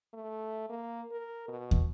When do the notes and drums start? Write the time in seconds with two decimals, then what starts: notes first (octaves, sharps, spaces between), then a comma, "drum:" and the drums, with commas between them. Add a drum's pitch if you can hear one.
0.13 A3
0.70 A#3
1.11 A#4
1.48 B2
1.71 drum: kick